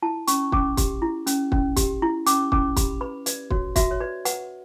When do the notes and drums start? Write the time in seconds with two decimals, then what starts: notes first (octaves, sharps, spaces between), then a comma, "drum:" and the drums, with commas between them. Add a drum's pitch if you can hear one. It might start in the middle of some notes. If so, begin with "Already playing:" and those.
0.02 E4 A5
0.27 C#4 C#6, drum: hi-hat
0.52 C#4 D6, drum: kick
0.77 G4, drum: kick, hi-hat
1.02 E4
1.27 C#4, drum: hi-hat
1.52 C#4, drum: kick
1.76 G4, drum: kick, hi-hat
2.02 E4
2.26 C#4 D6, drum: hi-hat
2.52 C#4 D6, drum: kick
2.76 G4 B5, drum: kick, hi-hat
3.01 B4 B5
3.26 B4 D5, drum: hi-hat
3.50 F#4 C#5, drum: kick
3.76 F#4 E5, drum: kick, hi-hat
3.91 C#5
4.00 B4 D5
4.25 B4 F#5, drum: hi-hat